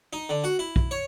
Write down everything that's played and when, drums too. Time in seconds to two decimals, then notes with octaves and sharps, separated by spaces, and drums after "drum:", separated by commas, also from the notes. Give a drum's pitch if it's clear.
0.13 D#4
0.29 D3
0.44 F#4
0.59 E4
0.76 drum: kick
0.91 C#5